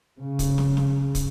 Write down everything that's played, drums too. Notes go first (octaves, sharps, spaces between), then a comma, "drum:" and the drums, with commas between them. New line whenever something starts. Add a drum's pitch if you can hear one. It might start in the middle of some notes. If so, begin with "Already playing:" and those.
C#3
drum: kick, hi-hat
drum: snare
drum: snare
drum: kick, hi-hat